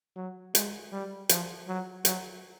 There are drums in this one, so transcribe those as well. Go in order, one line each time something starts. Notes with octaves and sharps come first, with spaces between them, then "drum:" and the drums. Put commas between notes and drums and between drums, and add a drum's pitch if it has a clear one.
F#3
G#3, drum: hi-hat
G3
F3, drum: hi-hat
F#3
F#3, drum: hi-hat